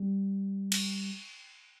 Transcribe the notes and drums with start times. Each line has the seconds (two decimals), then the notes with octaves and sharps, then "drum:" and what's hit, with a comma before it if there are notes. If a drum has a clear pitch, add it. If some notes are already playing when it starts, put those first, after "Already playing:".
Already playing: G3
0.72 drum: cymbal